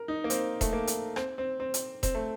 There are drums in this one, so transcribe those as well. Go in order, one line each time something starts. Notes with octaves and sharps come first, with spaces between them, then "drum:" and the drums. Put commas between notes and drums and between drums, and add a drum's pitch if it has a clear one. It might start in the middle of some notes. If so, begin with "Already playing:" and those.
Already playing: A#4
D#4
A#3
C4, drum: hi-hat
A3, drum: kick E1, hi-hat
A#3
drum: hi-hat
C4, drum: rim click
C4
C4
drum: hi-hat
C4, drum: kick E1, hi-hat
A3